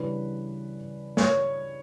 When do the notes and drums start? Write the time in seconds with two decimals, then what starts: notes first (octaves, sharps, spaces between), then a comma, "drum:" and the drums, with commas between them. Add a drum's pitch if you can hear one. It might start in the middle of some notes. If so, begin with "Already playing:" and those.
Already playing: C#3 E3 G3 D4 B4
1.17 C#5, drum: snare